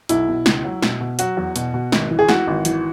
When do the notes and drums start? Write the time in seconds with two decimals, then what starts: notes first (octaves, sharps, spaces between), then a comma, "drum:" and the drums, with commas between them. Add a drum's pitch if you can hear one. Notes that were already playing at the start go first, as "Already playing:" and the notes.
0.09 B1 E4, drum: hi-hat
0.28 B2
0.46 C#2, drum: snare
0.64 F#3
0.82 B2, drum: snare
1.01 B2
1.19 F#3 F#4, drum: hi-hat
1.37 E2
1.56 B2, drum: hi-hat
1.74 B2
1.92 G#1, drum: snare
2.10 E3
2.19 G#4
2.28 E3 F#4, drum: snare
2.47 G#1
2.65 E3, drum: hi-hat